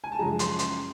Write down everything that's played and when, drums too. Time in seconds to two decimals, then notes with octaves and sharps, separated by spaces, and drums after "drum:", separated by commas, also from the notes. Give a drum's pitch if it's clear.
0.04 G#5
0.12 A5
0.19 F#2 C#3 F3 G#3 A#5
0.39 C6, drum: hi-hat
0.59 C6, drum: hi-hat